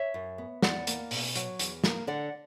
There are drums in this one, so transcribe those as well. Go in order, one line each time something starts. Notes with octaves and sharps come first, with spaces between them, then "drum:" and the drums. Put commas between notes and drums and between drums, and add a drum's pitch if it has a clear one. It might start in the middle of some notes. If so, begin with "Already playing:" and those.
Already playing: C#5 E5
F#2
B3
E2 D5 F#5, drum: snare
A#3, drum: hi-hat
B2, drum: open hi-hat
F#3, drum: hi-hat
E2, drum: hi-hat
A#3, drum: snare
D3 D5 F#5